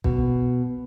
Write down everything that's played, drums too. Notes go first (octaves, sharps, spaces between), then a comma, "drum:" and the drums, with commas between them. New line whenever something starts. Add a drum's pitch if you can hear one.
B2, drum: kick